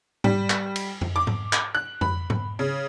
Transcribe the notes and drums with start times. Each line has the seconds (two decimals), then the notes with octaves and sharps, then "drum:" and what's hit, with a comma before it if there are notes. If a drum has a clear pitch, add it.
0.24 G3, drum: tom G#2
0.50 drum: clap
0.76 drum: cymbal
1.01 drum: tom F2
1.16 D6
1.27 drum: tom G#2
1.53 drum: clap
1.75 F#6
2.01 B5, drum: tom F2
2.30 drum: tom G#2
2.59 C#3